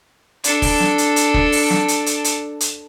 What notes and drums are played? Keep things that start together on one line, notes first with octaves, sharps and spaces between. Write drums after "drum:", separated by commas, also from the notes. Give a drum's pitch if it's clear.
D4 A4, drum: hi-hat
drum: kick, open hi-hat
drum: snare
drum: hi-hat
drum: hi-hat
drum: kick
drum: open hi-hat
drum: snare
drum: hi-hat
drum: hi-hat
drum: hi-hat
drum: hi-hat